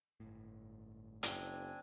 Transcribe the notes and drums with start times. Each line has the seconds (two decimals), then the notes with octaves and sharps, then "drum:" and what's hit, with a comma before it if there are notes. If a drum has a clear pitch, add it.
0.20 G1 A2
1.23 F#1 C4 D4 G#5, drum: hi-hat